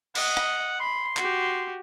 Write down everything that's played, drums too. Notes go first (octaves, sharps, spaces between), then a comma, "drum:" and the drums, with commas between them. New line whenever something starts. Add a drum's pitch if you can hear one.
D#5 F#5, drum: cymbal
drum: rim click
B5 C6
F#4 G4, drum: clap